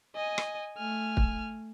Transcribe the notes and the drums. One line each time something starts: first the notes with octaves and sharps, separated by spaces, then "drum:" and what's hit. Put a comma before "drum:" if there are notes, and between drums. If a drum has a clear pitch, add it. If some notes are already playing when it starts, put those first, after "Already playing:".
D#5 G#5
drum: rim click
A3 G#5 F6
drum: kick